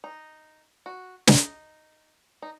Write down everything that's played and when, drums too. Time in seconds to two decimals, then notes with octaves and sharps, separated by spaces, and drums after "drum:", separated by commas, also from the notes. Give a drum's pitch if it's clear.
0.04 D#4
0.86 F#4
1.27 D#4, drum: snare
2.42 D#4